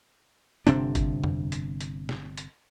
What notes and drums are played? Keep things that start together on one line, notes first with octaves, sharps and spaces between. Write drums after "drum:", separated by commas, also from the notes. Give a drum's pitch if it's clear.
G1 C3 C4 D4, drum: hi-hat
drum: kick G#1, hi-hat
drum: tom F2
drum: hi-hat
drum: hi-hat
drum: snare
drum: hi-hat